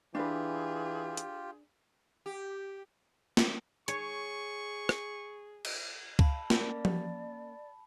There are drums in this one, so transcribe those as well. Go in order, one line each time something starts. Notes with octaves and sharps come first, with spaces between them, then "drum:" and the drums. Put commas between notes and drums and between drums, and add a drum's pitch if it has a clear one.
E3 D4 F4 G4 G#4 B4
drum: hi-hat
G4
drum: snare
G#4 C#5 C#6, drum: hi-hat
drum: rim click
drum: cymbal
F5 A5 B5, drum: kick C#2
A#3 C#4 D5, drum: snare
drum: tom F3